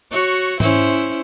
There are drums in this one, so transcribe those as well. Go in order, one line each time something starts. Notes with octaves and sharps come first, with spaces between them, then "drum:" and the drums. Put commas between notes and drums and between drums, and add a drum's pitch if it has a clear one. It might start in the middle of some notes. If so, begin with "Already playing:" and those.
F#4 C#5
C#4 E4 C5, drum: tom G#2